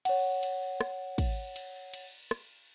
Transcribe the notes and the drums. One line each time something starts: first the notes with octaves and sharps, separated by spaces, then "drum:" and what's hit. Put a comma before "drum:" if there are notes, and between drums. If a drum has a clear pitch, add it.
C#5 F#5, drum: cymbal
drum: cymbal
drum: rim click
drum: kick, cymbal
drum: cymbal
drum: cymbal
drum: rim click